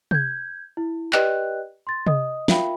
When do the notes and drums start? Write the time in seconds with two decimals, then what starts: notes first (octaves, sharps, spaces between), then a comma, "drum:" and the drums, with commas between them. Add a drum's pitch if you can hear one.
0.11 G6 G#6, drum: tom C3
0.77 E4
1.13 G4 B4 D5 D#5 G5 F#6, drum: clap
1.87 C6 A6
2.07 D#5 D#6, drum: tom C3
2.48 F4 A#4 E5 F5 G5 B5, drum: snare